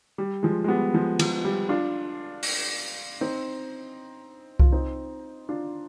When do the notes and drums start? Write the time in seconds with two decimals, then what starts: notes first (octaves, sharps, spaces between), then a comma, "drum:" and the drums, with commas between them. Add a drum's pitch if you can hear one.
0.18 G3
0.43 F3 G#3
0.64 G#3
0.68 G3 B3
0.94 F3 G#3
1.19 F3, drum: cymbal
1.45 G3
1.69 D4 F4
2.43 drum: open hi-hat
3.21 C4 D#4
4.59 F4, drum: kick C2
4.72 C4 D#4
5.49 D4 F4